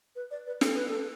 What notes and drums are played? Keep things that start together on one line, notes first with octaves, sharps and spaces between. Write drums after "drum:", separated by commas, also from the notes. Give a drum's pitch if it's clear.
B4
D5
B4
A4, drum: snare
B4
A4